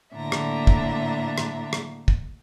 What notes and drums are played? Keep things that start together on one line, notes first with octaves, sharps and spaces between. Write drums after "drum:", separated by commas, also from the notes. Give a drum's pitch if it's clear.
A2 D3 A#3 D4 E5 A#5
drum: rim click
drum: kick
drum: rim click
drum: rim click
drum: kick